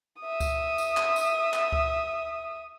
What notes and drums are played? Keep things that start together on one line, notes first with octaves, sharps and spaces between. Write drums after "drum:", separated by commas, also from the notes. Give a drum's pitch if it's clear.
E5 D#6
drum: kick C#2, tambourine
drum: tambourine
drum: clap
drum: tambourine
drum: clap
drum: kick C#2